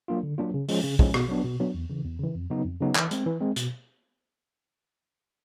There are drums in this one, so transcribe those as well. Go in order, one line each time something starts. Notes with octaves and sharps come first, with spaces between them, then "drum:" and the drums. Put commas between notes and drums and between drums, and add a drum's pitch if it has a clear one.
F#3 A#3 D4 F4
D3
F#3 A#3 D4 F4
C#3
F3 G#3 C#4, drum: open hi-hat
C#3
F3 G#3 C#4, drum: kick
B2, drum: rim click
F#3 B3 D4
B2
F#3 B3 D4
E2
C#3 E3
E2
C#3 E3
F2
C#3 F#3 B3 D#4
F2
C#3 F#3 B3 D#4
E3, drum: clap
G#3 C4, drum: hi-hat
E3
G#3 C4
B2, drum: hi-hat